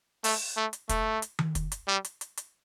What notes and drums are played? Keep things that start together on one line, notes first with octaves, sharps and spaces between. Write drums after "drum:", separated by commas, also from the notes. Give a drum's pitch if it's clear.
A3, drum: open hi-hat
A3
drum: hi-hat
A3, drum: kick, hi-hat
drum: hi-hat
drum: tom D#3
drum: kick, hi-hat
drum: hi-hat
G3
drum: hi-hat
drum: hi-hat
drum: hi-hat